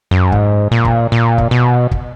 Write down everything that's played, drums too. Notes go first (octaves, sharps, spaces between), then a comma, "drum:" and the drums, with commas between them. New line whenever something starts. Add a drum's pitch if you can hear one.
F#2
G#2, drum: kick
A#2
drum: kick
A#2
drum: kick
B2
drum: kick